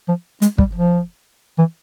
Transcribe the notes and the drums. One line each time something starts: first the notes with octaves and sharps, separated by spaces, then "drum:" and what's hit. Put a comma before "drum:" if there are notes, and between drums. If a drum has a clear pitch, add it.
F3
G#3, drum: hi-hat
G3, drum: kick
F3
E3